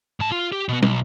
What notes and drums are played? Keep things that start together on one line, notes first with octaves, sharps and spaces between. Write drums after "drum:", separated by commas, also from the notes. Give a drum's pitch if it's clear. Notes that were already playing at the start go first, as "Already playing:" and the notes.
G#2 A5
F4
G4
B2 B3
B1, drum: tom